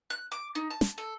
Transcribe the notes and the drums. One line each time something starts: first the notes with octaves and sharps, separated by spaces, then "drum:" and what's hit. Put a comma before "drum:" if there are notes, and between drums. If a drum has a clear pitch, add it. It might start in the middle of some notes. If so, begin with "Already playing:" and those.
F#6
D6
D#4
A5
drum: snare
A4